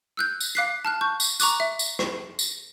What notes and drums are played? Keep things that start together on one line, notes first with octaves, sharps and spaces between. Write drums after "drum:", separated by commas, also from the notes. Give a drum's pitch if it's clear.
E6 F#6 G6
drum: tambourine
F5 D6 F#6 B6 C7
A5 F6 F#6
C#6 G6
drum: tambourine
A#5 C#6 D6 F#6, drum: tambourine
E5
drum: tambourine
drum: rim click
drum: tambourine